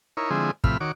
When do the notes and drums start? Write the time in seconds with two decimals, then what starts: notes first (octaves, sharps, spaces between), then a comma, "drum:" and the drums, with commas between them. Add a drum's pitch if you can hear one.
0.17 D#4 E4 A#4 C#5
0.30 D3 F3 G#3 C4 E4 G#4
0.64 A2 C3 F3 E5 B5 F6, drum: kick
0.80 D#3 F#4 C#5 D6